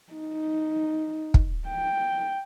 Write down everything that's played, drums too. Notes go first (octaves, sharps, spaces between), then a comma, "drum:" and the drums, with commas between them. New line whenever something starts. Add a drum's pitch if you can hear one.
D#4
drum: kick
G5